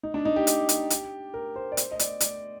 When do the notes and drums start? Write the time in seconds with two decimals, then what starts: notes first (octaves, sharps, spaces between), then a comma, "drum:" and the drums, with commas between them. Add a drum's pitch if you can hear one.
0.03 D#4
0.14 D4
0.25 D#4
0.36 G4
0.47 drum: hi-hat
0.69 drum: hi-hat
0.90 drum: hi-hat
1.34 A#4
1.56 C5
1.72 D5
1.77 C5, drum: hi-hat
1.91 D#5
1.99 D5, drum: hi-hat
2.20 D5, drum: hi-hat